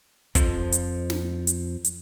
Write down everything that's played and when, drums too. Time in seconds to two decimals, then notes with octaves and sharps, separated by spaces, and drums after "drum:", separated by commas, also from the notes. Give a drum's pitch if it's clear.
0.35 F2 F3, drum: kick, hi-hat
0.72 drum: hi-hat
1.10 drum: snare
1.47 drum: hi-hat
1.84 drum: hi-hat